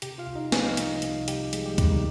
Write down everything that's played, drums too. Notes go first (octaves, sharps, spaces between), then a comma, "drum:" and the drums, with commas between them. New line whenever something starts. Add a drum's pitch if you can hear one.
C3 G4 G5, drum: hi-hat
F4 F5
C2
D#4 D#5
F3 D#5, drum: snare
F5
C2 D#4 D#5, drum: hi-hat
C3, drum: hi-hat
C2 G4 G5, drum: hi-hat
F3 G#3 G#4, drum: hi-hat
G3 G4
C2 G3 G4, drum: kick, hi-hat
D#3 D#4